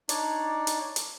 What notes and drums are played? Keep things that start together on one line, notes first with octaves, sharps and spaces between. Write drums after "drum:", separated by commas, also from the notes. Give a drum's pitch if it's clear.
D4 D#4 C#5 D5, drum: hi-hat
drum: hi-hat
drum: hi-hat